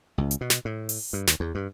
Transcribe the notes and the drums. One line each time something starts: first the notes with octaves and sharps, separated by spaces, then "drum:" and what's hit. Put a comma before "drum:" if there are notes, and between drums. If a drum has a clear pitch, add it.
C#2
drum: hi-hat
B2
drum: snare
A2
drum: open hi-hat
G2
D#2, drum: snare
E2
G2